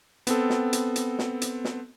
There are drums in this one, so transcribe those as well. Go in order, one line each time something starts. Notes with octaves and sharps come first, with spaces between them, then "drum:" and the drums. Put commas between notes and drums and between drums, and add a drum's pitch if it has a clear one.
B3 C4 A4, drum: hi-hat
drum: snare
drum: hi-hat
drum: hi-hat
drum: snare
drum: hi-hat
drum: snare